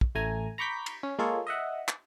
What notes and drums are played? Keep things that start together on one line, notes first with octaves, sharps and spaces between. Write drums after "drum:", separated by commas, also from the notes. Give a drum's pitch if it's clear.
drum: kick
A1 A3 G#5 A#5
A#5 B5 C#6 D6 G6 B6
drum: cymbal
C#4
G#3 A#3 F4 G#4 A4 C#5
D#5 E5 F#5
drum: clap